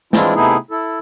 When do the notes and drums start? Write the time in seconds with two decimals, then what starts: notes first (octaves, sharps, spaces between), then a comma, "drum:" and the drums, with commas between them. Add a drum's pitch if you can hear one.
0.13 E3 G#3 C4 D4 E4 F4, drum: snare
0.35 C3 A3 B3 D#4 E4 G#4
0.71 E4 A4